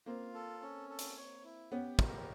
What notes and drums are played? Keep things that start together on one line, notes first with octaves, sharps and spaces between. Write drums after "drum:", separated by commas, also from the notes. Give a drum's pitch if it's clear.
A#3 C4 F4
A4
C#4
A4
drum: hi-hat
C#5
E4
B3 C#4 G4
A#4, drum: kick